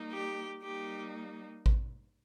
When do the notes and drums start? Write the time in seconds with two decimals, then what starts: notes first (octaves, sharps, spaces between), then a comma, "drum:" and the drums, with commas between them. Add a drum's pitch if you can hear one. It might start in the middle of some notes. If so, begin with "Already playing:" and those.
Already playing: G3 A#3 D#4
0.11 G4
0.62 G3 A#3 D#4 G4
1.66 drum: kick A1